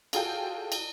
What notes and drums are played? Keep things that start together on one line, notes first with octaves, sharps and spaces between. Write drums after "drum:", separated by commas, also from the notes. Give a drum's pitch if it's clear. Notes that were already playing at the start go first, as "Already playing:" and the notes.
F4 F#4 G#4 A4 F5 G5, drum: cymbal
drum: cymbal